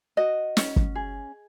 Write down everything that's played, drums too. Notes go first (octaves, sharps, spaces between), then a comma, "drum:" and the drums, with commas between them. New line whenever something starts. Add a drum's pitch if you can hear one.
F#4 D#5
C#4, drum: snare
drum: kick
G#4